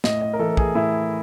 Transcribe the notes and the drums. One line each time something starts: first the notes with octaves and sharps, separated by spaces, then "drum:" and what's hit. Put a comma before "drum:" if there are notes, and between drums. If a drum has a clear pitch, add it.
A2 D#5, drum: snare
D#5
A#4
E3 A4
G#4, drum: kick
A2 E4